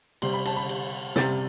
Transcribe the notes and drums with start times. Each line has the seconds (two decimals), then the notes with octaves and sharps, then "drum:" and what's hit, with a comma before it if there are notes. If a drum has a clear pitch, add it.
0.22 C3 G3 C4 C6, drum: cymbal
0.33 B5
0.46 A5, drum: cymbal
0.57 B5
0.69 drum: cymbal
1.16 C3 G3 C4 A6, drum: snare